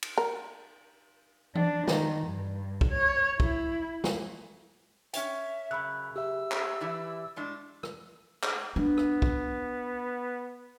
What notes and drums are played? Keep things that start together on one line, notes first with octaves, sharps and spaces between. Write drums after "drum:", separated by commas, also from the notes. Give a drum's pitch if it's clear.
drum: cymbal
A#4
D4, drum: tom E3
D#3, drum: snare
G2
drum: kick
C#5
E4, drum: kick
drum: snare
C#4 C#5 E5 G5, drum: hi-hat
F#2 C#3 B5 E6 F#6
G4 E5 E6
drum: clap
E3 E4 D5
A2 G#3 D4
drum: rim click
drum: clap
B3 D4
drum: rim click
drum: kick